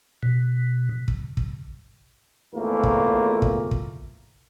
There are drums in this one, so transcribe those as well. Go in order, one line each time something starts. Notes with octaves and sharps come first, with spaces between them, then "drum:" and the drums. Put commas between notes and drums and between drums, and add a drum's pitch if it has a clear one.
B2
drum: kick
drum: kick
G#1 E2 A3 A#3 F4 A#4
drum: kick
drum: kick
drum: kick